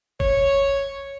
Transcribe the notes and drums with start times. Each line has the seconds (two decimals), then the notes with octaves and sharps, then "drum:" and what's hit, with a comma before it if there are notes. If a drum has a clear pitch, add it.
0.20 C#5, drum: kick G1